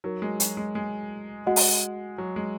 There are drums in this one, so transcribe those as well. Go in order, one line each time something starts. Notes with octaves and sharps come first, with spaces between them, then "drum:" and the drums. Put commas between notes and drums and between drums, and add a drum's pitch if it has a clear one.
F#3 D#4 F#4 A#4
G#3
F#3, drum: hi-hat
G#3
G#3
G#3 F#4 D#5 F#5
drum: open hi-hat
F#3
G#3